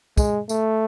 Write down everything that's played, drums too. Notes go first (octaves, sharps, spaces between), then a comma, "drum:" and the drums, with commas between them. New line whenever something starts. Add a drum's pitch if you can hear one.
G#3, drum: kick, tambourine
A3, drum: tambourine